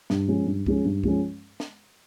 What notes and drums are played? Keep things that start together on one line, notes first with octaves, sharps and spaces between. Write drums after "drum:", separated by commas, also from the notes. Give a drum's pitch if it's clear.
G2, drum: snare
F3 G#3 C#4
G2
F3 G#3 C#4, drum: kick C2
G2
F3 G#3 C#4, drum: kick C2
drum: snare